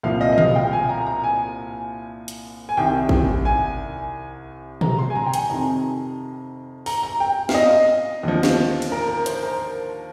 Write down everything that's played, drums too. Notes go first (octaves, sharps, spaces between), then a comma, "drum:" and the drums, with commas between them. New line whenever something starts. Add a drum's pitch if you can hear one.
C2 A#2 F3 F5
D#5
D#5
F5, drum: tom
G5
G#5
A#5
A#5
G#5
drum: hi-hat
G#5
C2 C3 D#3 G5
drum: kick
G#5
A#5, drum: tom
C6
G#5
A#5
G5
G#5, drum: hi-hat
F2 C3 D#3 A#5
A#5, drum: open hi-hat
A#5
G5
F5, drum: snare
D#5
D#2 D3 F3
drum: snare
drum: cymbal
A#4
A#4
C5, drum: hi-hat
A#4